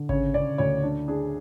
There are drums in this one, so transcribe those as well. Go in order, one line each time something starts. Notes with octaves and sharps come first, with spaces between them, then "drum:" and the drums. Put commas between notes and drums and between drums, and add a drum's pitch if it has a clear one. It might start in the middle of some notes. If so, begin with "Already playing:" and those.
Already playing: D3
C#3 C#5, drum: kick G#1
C#3 D5
D2 C#5
D4
D4 G#4